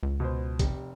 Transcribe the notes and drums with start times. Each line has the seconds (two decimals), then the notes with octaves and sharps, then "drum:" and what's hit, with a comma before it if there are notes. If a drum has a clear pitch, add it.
0.03 C#2
0.20 B2 C5
0.59 F1 G4, drum: kick, hi-hat